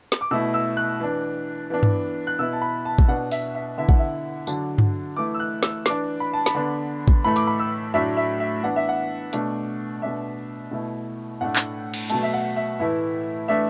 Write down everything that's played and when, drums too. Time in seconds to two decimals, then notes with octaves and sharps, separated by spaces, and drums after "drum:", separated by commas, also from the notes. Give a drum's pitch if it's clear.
0.12 drum: snare
0.21 D6
0.31 B2 A3 E4 E6
0.54 E6
0.77 F#6
1.00 E3 D4
1.70 E3 B3 D4
1.83 drum: tom G2
2.27 F#6
2.39 B2 B3 E4 E6
2.53 A5
2.62 B5
2.85 A5
2.99 drum: kick A1
3.08 B2 B3 D4 F#5
3.31 E5, drum: open hi-hat
3.55 E5
3.78 D3 B3 E4 E5
3.89 F#5, drum: kick A1
3.99 E5
4.47 D3 F#3 D4, drum: tambourine
4.78 drum: tom G2
5.17 E3 A3 E4 D6
5.34 E6
5.40 F#6
5.63 E6, drum: snare
5.86 E3 D4 D6, drum: snare
6.20 B5
6.33 A5
6.46 B5, drum: snare
6.55 D3 B3 D4
7.08 drum: kick A1
7.24 A2 E3 A3 B5
7.36 D6, drum: hi-hat
7.47 B5
7.59 E6
7.94 A2 F#3 A3 D4 E5
8.17 E5
8.40 E5
8.63 E3 B3 D4 F#5
8.76 E5
8.89 F#5
9.33 B2 A3 D4, drum: hi-hat
10.02 B2 A3 D4 E5
10.71 B2 A3 E4
11.41 A2 A3 D4 F#5
11.56 drum: clap
11.94 drum: cymbal
12.10 B2 F#3 A3 A5, drum: hi-hat
12.23 E5
12.34 F#5
12.56 E5
12.79 A2 E3 A3 E4 E5
13.48 E3 A3 D4 E5